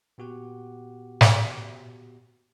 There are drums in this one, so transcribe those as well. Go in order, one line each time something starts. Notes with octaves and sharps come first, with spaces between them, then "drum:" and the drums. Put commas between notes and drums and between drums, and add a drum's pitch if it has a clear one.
A#2 B3 F#4 G4 F#5
drum: snare